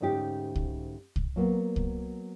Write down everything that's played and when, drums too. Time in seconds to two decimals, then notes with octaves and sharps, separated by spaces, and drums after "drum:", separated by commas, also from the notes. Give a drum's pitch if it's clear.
0.01 D2 G#2 C#4 D#4 G4
0.56 drum: kick C2
1.16 drum: kick C2
1.36 F#3 A#3 B3 F#4
1.76 drum: kick C2